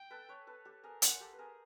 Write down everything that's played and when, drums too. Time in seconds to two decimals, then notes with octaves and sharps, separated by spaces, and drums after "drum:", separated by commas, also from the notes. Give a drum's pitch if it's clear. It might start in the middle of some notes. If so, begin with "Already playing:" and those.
Already playing: G5
0.11 A4 B4
0.29 B4 C#5
0.47 A4 B4
0.65 G4 A4
0.83 G#4 A#4
1.02 A#4 C5 F#5, drum: hi-hat
1.20 G4 A4
1.33 B4
1.38 G#4 A#4